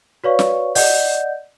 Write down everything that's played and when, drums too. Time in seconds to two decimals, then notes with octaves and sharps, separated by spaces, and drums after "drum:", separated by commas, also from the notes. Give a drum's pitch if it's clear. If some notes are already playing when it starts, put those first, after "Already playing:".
0.24 F#4 B4 C#5 D5 F5 C#6
0.39 drum: snare
0.75 D5 D#5 F#5 G6, drum: open hi-hat